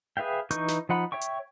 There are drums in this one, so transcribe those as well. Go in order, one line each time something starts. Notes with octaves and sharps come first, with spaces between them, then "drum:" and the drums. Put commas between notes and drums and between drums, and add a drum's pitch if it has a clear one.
G#4 B4 E5 F5 G5
E3 D#4 B4 C#6 G6, drum: hi-hat
drum: snare
F3 D#4 F#5 B5
C#5 E5 G5 C#6
drum: hi-hat